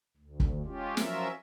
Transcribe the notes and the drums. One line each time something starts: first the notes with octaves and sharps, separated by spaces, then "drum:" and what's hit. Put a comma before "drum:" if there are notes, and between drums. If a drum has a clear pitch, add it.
D2
drum: kick
G#3 C#4 F4 G4
F3 F#3 C#4 F4 A#4 E5, drum: snare